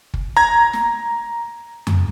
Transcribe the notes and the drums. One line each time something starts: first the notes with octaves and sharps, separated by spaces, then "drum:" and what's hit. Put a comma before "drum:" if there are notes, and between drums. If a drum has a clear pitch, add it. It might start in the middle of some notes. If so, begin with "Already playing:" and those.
drum: kick
A#5 G#6
drum: snare
drum: tom F2